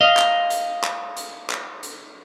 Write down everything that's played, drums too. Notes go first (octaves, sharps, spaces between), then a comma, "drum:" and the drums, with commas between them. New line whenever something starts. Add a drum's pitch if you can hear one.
D#5 F5
drum: clap
drum: hi-hat
drum: clap
drum: hi-hat
drum: clap
drum: hi-hat